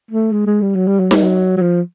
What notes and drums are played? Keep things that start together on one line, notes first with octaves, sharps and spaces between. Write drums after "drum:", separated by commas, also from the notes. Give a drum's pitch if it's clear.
A3
G#3
G#3
G3
F#3
G3
F#3
G3, drum: snare D#4
F#3
F#3
F3